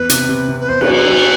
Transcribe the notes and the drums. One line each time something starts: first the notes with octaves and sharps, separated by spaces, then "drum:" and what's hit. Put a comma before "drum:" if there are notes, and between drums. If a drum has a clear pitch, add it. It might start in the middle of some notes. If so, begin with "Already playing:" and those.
Already playing: E2 B4
C3, drum: hi-hat
C3
C3
B4
E2 C5
B4, drum: cymbal
F#3
B4
F#3